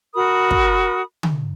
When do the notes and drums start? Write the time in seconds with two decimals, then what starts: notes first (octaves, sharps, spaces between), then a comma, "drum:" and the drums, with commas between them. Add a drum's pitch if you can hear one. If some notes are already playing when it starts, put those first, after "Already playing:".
0.14 F#4 A#4 B5 D#6
0.51 drum: kick
1.23 drum: tom D3